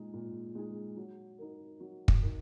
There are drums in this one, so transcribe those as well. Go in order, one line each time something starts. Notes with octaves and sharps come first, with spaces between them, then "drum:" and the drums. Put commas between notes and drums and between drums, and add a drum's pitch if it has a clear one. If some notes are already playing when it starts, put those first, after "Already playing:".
Already playing: A#2 G#3 D#4 G#4
A#2
G#3 D#4 G#4
F#3
D#4 A#4
F#3
drum: kick
D#4 A#4